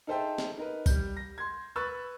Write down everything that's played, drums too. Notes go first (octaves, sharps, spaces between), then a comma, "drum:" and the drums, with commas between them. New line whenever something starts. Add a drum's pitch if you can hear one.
D#4 G#4 A4 C5 E5 G5
drum: snare
D#4 A#4 B4
G3 G6, drum: kick B1, tambourine
A#6
C6 G#6
B4 B5 C#6 E6 F#6 A6